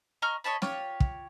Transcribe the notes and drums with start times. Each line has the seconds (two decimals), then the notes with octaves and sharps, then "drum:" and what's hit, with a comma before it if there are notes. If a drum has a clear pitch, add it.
0.22 D#5 A#5 C#6 F6
0.44 C#5 D#5 A5 B5
0.62 F4 G4 C#5, drum: snare
1.00 drum: kick